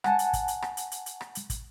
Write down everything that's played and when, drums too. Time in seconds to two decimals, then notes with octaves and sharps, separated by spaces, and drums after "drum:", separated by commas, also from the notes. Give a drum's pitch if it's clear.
0.04 F#5 G#5 A5, drum: rim click
0.19 drum: hi-hat
0.33 drum: kick, hi-hat
0.48 drum: hi-hat
0.62 drum: rim click
0.77 drum: hi-hat
0.92 drum: hi-hat
1.06 drum: hi-hat
1.21 drum: rim click
1.35 drum: hi-hat
1.50 drum: kick, hi-hat